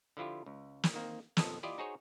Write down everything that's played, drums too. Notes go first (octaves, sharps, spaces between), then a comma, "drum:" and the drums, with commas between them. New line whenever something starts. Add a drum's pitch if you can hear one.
D3 F3 E4 F4 G4
C#2
drum: snare
D#3 A#3 C4
B1 F2 F3 A4 D#5 A5, drum: snare
E4 F4 G4 D5 D#5
D#4 F#4 G#4 C5 C#5